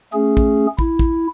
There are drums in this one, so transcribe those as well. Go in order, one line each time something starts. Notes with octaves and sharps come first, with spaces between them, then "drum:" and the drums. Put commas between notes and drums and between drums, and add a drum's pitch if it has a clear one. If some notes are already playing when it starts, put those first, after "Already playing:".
A3 C#4 G#4
drum: kick
E4, drum: kick
drum: kick